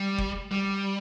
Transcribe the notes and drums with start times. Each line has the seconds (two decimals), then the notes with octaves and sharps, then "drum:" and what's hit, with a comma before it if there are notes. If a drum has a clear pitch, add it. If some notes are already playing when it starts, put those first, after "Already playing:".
Already playing: G3
0.18 drum: kick
0.52 G3